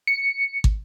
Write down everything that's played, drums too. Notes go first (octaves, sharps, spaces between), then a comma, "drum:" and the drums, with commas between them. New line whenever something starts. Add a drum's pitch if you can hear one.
C#7
drum: kick